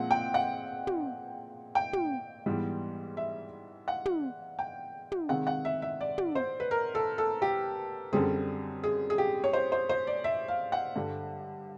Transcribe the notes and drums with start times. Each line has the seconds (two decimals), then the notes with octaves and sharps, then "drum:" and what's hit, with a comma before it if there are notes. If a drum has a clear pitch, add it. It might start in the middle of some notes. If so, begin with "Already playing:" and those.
Already playing: A#2 F3 G#3 C4 F#5
0.11 G5
0.34 F#5
0.87 drum: tom
1.75 G5
1.93 drum: tom
2.46 G#2 E3 G3 B3
3.17 E5
3.88 F#5
4.06 drum: tom
4.59 G5
5.12 drum: tom
5.29 C3 D#3 G#3 C4 F#5
5.47 F#5
5.65 E5
5.82 E5
6.01 D5
6.18 drum: tom
6.35 C5
6.60 B4
6.71 A#4
6.95 A4
7.18 A4
7.42 G4
8.13 F#2 D3 G3 C4 G#4
8.83 G#4
9.10 G#4
9.18 G4
9.44 C#5
9.53 C5
9.72 C5
9.89 C5
10.07 D5
10.24 E5
10.48 F5
10.72 F#5
10.96 G2 D3 G3